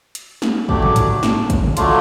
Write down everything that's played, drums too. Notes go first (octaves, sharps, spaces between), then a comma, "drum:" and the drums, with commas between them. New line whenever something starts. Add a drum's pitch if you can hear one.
drum: hi-hat
drum: snare
F#3 A3 D4 G4, drum: kick
drum: tom
drum: hi-hat
drum: snare
drum: kick, hi-hat
drum: tom
F#3 A3 D4 F4, drum: hi-hat